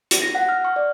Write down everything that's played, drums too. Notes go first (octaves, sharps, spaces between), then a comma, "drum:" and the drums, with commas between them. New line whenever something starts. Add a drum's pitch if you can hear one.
drum: hi-hat
A#6
F#5
F6
C#6
D5